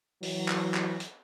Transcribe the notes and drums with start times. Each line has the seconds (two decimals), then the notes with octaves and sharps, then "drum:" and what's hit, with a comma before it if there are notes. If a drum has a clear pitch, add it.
0.23 E3 F#3, drum: open hi-hat
0.48 drum: clap
0.74 drum: clap
1.00 drum: hi-hat